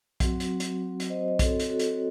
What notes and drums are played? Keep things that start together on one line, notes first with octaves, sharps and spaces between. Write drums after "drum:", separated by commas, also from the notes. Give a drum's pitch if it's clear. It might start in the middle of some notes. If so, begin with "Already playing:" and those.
F#3 C4 F#4, drum: kick B1, hi-hat
drum: hi-hat
drum: hi-hat
drum: hi-hat
C5 D#5
D#5
C4 F#4 A4 C#5, drum: kick B1, hi-hat
drum: hi-hat
F#4 A4
drum: hi-hat